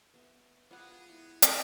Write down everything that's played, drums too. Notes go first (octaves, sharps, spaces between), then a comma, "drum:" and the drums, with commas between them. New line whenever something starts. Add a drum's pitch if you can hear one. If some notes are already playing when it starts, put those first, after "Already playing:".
B3 E5
G3 G#3 B3 F4 G#4 F#5
E4
drum: hi-hat